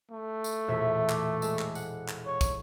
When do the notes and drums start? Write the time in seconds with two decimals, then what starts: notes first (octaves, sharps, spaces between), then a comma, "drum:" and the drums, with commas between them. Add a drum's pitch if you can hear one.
0.11 A3
0.44 drum: tambourine
0.68 E1 A#2 E5
1.09 D6, drum: clap
1.42 G#3 A4, drum: tambourine
1.59 drum: clap
1.75 F#5, drum: tambourine
2.08 drum: clap
2.26 C#5
2.41 drum: kick, tambourine